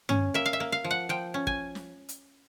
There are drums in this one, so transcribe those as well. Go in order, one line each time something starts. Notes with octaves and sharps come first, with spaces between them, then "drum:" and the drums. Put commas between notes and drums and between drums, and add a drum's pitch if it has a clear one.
C#4, drum: tom G2
A#3 E5
F5
E5
A#3
F5
F3
F#5
F3 G5
C#4
G#5, drum: kick
drum: snare
drum: hi-hat